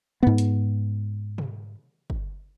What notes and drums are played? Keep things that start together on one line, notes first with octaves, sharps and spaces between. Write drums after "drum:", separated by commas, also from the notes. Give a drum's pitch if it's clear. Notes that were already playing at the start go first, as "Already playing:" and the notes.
G#2 B3, drum: tom G2
drum: hi-hat
drum: tom B2
drum: kick